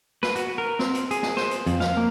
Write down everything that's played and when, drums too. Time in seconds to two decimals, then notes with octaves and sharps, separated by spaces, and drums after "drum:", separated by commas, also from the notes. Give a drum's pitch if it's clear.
0.23 B4, drum: snare
0.36 F#4, drum: hi-hat
0.58 A#4
0.79 C4, drum: snare
0.94 drum: hi-hat
1.11 G#4, drum: hi-hat
1.23 drum: snare
1.37 C5, drum: snare
1.51 drum: hi-hat
1.66 F2, drum: hi-hat
1.80 F5, drum: snare
1.97 A#3